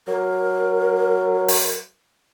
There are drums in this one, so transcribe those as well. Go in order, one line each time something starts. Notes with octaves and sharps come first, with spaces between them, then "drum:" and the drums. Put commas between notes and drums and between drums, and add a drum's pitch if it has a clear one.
F#3 A#4
drum: open hi-hat